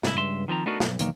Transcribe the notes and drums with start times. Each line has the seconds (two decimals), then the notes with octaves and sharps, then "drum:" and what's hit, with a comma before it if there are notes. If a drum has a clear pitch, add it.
0.03 C2 G#2 E4, drum: snare
0.17 C#2 G2 E5 C6
0.48 D#3 F3 C4 A#5
0.66 A3 B3 D4 D#4 F#4 A#4
0.80 B1, drum: snare
0.99 B1 E2 D#3 A#3, drum: hi-hat